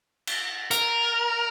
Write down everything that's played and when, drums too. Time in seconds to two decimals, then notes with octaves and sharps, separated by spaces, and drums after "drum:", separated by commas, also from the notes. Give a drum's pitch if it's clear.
0.27 drum: cymbal
0.71 A#4, drum: hi-hat